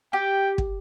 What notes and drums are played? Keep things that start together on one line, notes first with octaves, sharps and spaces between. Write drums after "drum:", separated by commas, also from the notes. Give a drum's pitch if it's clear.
G4 G5
drum: kick